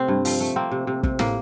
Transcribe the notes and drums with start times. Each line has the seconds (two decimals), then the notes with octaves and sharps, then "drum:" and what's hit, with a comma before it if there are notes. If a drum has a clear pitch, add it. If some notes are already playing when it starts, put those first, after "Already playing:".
Already playing: C3 A3 C4
0.08 G2
0.25 F3, drum: open hi-hat
0.41 A3
0.56 A#3 C4
0.71 C3
0.87 C3
1.03 C3, drum: kick
1.19 A2 A#3, drum: snare